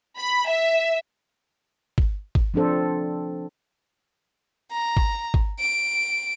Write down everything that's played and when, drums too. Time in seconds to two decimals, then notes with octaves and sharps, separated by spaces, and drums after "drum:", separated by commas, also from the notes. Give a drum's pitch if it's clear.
0.17 B5
0.49 E5
1.98 drum: kick
2.35 drum: kick
2.54 F3 C4 D4 A4 C5
4.72 A#5
4.97 drum: kick
5.34 drum: kick
5.59 D7